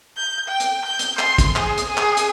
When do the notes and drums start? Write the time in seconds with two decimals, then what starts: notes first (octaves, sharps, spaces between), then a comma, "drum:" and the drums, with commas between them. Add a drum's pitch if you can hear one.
0.16 G6
0.48 G5
0.60 drum: hi-hat
0.86 G6
0.99 drum: hi-hat
1.19 C6, drum: clap
1.38 drum: kick, hi-hat
1.56 G#4, drum: clap
1.78 drum: hi-hat
1.87 G#4
1.97 drum: clap
2.17 drum: hi-hat